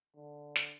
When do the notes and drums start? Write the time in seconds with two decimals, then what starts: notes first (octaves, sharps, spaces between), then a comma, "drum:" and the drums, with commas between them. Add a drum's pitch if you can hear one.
0.16 D3
0.56 drum: snare